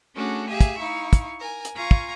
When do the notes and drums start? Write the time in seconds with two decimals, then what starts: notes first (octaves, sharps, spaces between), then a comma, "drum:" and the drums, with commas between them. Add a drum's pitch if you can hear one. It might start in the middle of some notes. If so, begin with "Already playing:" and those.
0.15 A3 C#4 D4 F#4 G#4 A4
0.49 G4 G#4 E5 F5 G#5
0.61 drum: kick, hi-hat
0.79 D#4 E4 F5 C#6
1.13 drum: kick, hi-hat
1.39 A#4 G#5
1.65 drum: hi-hat
1.75 F4 F5 G#5 A#5 C#6
1.91 drum: kick